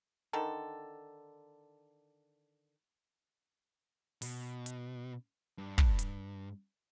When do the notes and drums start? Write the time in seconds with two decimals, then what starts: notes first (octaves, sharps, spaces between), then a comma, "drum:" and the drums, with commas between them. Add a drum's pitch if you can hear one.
0.33 D3 D#3 A4
4.22 B2, drum: open hi-hat
4.66 drum: hi-hat
5.58 G2
5.78 drum: kick
5.99 drum: hi-hat